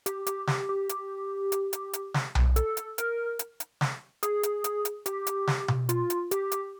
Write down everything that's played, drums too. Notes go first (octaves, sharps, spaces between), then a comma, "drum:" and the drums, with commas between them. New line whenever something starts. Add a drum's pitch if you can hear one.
G4, drum: hi-hat
G4, drum: hi-hat
G4, drum: snare
G4
drum: hi-hat
drum: hi-hat
drum: hi-hat
drum: hi-hat
drum: snare
drum: tom B1
A4, drum: hi-hat
drum: hi-hat
A#4, drum: hi-hat
drum: hi-hat
drum: hi-hat
drum: snare
G#4, drum: hi-hat
drum: hi-hat
drum: hi-hat
drum: hi-hat
G4, drum: hi-hat
drum: hi-hat
drum: snare
drum: tom B2
F4, drum: hi-hat
drum: hi-hat
G4, drum: hi-hat
drum: hi-hat